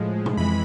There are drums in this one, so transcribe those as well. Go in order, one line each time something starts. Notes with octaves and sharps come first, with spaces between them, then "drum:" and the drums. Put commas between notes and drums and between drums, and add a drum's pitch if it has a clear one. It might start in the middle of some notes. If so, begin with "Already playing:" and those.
Already playing: A2 F3 G#3
drum: tom B2
F2 E3 G#3 B5